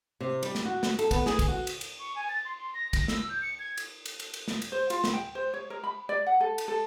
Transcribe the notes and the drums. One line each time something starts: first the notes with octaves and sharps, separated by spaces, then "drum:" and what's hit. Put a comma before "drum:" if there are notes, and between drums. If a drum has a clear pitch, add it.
C3
G3, drum: cymbal
drum: snare
F#4
drum: snare
A4, drum: cymbal
B3, drum: kick, cymbal
G#4, drum: snare
drum: kick, cymbal
F#4
drum: cymbal
drum: cymbal
C#6
G#5
A6
C6
C6
A#6
A#6, drum: kick, cymbal
E6, drum: snare
G6
C#7
G#6
drum: cymbal
drum: cymbal
drum: cymbal
drum: cymbal
drum: snare
drum: cymbal
C5
F4, drum: cymbal
drum: snare
G5
C5
C#5
A#4
B5
D5
F#5
A4
drum: cymbal
A4